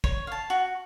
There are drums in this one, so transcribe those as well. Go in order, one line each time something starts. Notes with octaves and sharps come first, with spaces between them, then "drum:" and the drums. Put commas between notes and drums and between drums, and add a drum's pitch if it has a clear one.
C#5, drum: kick
F5 A5
F#4